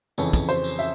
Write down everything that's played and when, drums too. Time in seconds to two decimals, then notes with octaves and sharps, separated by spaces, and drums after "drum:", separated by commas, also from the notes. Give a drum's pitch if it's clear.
0.18 F2 C#3 E3 C#5, drum: tambourine
0.33 drum: kick, tambourine
0.49 C5, drum: tambourine
0.64 drum: tambourine
0.79 E5, drum: tambourine